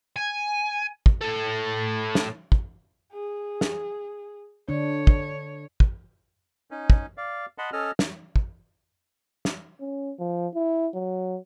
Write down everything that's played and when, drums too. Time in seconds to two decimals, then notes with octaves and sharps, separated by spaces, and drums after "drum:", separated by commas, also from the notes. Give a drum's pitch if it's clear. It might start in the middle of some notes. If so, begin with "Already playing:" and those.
0.16 G#5
1.06 drum: kick
1.21 A2 A4
2.15 drum: snare
2.52 drum: kick
3.13 G#4
3.61 drum: snare
4.69 D3 D4 C#5
5.07 drum: kick
5.80 drum: kick
6.71 C#4 D#4
6.90 drum: kick
7.17 D5 F5
7.58 D#5 F#5 A5 B5 C6
7.73 C#4 A4 D#5 F6
7.99 drum: snare
8.36 drum: kick
9.45 drum: snare
9.80 C#4
10.19 F3
10.54 E4
10.94 F#3